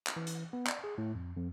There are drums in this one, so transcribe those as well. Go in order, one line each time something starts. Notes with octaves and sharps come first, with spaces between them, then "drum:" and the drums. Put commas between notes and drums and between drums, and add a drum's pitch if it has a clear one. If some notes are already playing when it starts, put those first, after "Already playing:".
drum: clap
E3
drum: hi-hat
B3
D5, drum: clap
G#4
A2
F2
F2